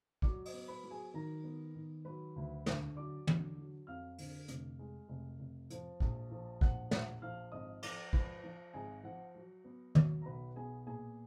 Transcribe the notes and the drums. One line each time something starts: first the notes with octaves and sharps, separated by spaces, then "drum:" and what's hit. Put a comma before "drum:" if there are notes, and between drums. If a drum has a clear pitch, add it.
F#3 D5 D6, drum: kick
D#5 D#6, drum: open hi-hat
B3
B4 B5
F#3
G#4 G#5
D#3 A#4 A#5
B3
D#3
F#3 B4 B5
D2
D3, drum: snare
F#3 D5 D6
D3, drum: tom
F#3
F2 F5 F6
D3, drum: open hi-hat
F1, drum: hi-hat
G#3
F1
F1
F3, drum: hi-hat
A#1, drum: kick
F3
A#1 F#5 F#6, drum: kick
A#1 F#5 F#6, drum: snare
F3 F5 F6
G#1 D#5 D#6
F3 D5 D6, drum: cymbal
F3 B4 B5, drum: kick
F3
G#1 G#4 G#5
F3 F#5
F#3
B3
F#3, drum: tom
A#5
B1 B4 B5
B3 G#4 G#5
A#2 G#4 G#5